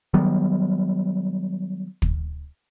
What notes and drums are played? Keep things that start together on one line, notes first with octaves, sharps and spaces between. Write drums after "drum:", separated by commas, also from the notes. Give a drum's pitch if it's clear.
D#3 F#3 G3 B3
drum: kick